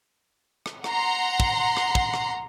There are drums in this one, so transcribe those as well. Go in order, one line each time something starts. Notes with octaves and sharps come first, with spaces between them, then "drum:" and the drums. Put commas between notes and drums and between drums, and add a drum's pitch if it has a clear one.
drum: rim click
F#5 A#5 C6, drum: rim click
drum: kick
drum: rim click
drum: kick
drum: rim click